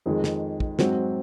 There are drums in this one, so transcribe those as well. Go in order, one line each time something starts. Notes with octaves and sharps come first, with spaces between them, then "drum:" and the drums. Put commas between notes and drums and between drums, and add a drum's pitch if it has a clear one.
F2 D#3 G#3
drum: snare
drum: kick
G#2 F#3 C4 D#4 F#4, drum: snare